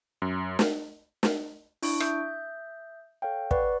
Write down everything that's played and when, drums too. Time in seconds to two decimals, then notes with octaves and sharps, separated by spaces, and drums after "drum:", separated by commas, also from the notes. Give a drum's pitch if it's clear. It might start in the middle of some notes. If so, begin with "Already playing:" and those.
0.22 F#2
0.59 drum: snare
1.23 drum: snare
1.82 D4 E4 C#6 D7, drum: open hi-hat
2.00 E5 D#6 G6, drum: rim click
3.22 A4 C#5 F5 G5
3.51 B4 D5 F#5 C#6, drum: kick